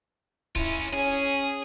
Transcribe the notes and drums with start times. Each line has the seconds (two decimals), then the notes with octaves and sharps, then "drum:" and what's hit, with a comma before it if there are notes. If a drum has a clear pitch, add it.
0.56 C#4 E4 F4, drum: kick
0.93 C#4 G#4